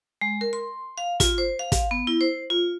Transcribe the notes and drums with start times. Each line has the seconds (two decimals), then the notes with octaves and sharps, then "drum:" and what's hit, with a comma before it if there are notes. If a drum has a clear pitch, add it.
0.21 G#3
0.41 A#4
0.53 C6
0.98 F5
1.20 F4, drum: kick, hi-hat
1.38 C5
1.59 F5
1.72 drum: kick, hi-hat
1.91 B3
2.07 E4
2.21 C5
2.50 F4